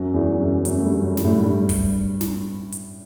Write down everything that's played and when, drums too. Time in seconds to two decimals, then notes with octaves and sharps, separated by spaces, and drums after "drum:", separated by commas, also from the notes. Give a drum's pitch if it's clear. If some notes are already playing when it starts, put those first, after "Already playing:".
Already playing: F#2 F#3
0.14 E2 E3
0.40 F#2 F#3
0.65 F#2 F#3, drum: hi-hat
0.79 A3
0.85 G2 G3
1.04 F#2 F#3
1.17 G3, drum: snare
1.24 A2 A3
1.43 G2 G3
1.69 drum: kick, open hi-hat
2.21 drum: snare
2.72 drum: hi-hat